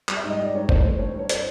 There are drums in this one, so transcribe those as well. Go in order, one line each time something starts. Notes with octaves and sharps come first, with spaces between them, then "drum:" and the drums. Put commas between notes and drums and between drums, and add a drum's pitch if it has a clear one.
G3, drum: clap
E5
G#2
D#5
G3 D5
G#2 C#5
E3 C5, drum: kick
A3
G2 C#5
G2
C#5
C5, drum: hi-hat